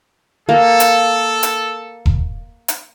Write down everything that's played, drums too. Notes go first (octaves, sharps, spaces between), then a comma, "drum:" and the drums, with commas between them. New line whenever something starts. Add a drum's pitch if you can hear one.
A#3 A4
drum: hi-hat
drum: hi-hat
drum: kick E1
drum: hi-hat